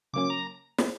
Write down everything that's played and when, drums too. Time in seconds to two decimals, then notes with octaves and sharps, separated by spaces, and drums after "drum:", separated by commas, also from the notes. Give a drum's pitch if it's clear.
0.13 C#3 F#3 A#3 C#4 D6
0.30 A#5
0.78 drum: snare